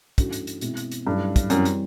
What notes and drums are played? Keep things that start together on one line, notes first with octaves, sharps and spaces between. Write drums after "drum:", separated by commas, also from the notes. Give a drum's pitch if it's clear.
G2 E3 A3 C#4 F#4, drum: kick, hi-hat
drum: hi-hat
drum: hi-hat
B2 G#3 C4 E4, drum: hi-hat
drum: hi-hat
drum: hi-hat
G2 D#3 F#3 A3 C#4 E4
drum: kick, hi-hat
F#2 E3 G3 C4, drum: hi-hat
drum: hi-hat